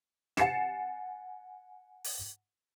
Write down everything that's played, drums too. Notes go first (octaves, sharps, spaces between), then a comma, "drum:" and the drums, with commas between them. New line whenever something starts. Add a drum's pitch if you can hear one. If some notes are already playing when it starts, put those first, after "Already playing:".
F#5 G#5 A6 C7 C#7 E7, drum: snare
drum: open hi-hat